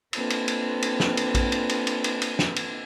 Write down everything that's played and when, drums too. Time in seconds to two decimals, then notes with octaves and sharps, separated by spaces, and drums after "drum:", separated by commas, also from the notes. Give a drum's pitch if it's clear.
0.13 A#3 C4 D4 F4 A4 B4, drum: cymbal
0.30 drum: cymbal
0.48 drum: cymbal
0.82 drum: cymbal
1.00 drum: snare
1.17 drum: cymbal
1.35 drum: kick A#1, cymbal
1.52 drum: cymbal
1.69 drum: cymbal
1.87 drum: cymbal
2.04 drum: cymbal
2.22 drum: cymbal
2.39 drum: snare
2.56 drum: cymbal